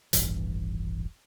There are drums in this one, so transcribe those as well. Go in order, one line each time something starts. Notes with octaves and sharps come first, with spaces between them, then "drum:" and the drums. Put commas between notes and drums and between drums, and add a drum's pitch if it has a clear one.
D#1 A1 G2 E3, drum: hi-hat